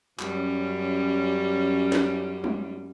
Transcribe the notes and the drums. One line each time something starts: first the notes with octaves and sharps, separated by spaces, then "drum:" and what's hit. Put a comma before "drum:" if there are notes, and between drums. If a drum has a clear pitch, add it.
F#2 G3 C#4, drum: clap
drum: snare
drum: tom G3